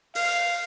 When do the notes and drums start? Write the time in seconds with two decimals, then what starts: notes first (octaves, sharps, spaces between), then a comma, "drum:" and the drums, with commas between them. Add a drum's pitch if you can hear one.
0.15 F5, drum: open hi-hat